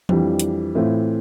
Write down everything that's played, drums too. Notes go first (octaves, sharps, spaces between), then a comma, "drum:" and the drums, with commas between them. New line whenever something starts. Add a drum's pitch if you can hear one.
F2 E3 G3 D4, drum: tom E3
drum: hi-hat
A2 E3 A3 C4 F4